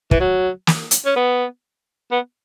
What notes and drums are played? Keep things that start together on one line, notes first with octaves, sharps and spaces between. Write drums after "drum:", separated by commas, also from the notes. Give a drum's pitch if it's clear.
E3, drum: kick
F#3
drum: snare
drum: hi-hat
C#4
B3
B3